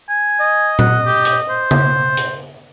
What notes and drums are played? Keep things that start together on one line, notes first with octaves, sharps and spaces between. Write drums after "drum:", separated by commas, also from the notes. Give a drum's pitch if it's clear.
G#5
D#5
F#5, drum: tom A#2
G4
drum: hi-hat
C5
drum: tom C#3
drum: hi-hat